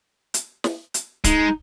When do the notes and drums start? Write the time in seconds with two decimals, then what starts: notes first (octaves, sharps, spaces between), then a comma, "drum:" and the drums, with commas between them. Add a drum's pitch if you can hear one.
0.34 drum: hi-hat
0.64 drum: snare
0.94 drum: hi-hat
1.24 G#3 D#4, drum: kick C#1, hi-hat